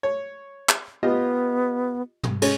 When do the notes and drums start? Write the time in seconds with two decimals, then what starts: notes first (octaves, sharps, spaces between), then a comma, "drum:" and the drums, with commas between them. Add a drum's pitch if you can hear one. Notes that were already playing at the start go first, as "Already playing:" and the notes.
0.03 C#5
0.69 drum: clap
1.03 B3 F4 G4 D#5
2.23 drum: tom
2.42 G#3 C#4 C#5, drum: cymbal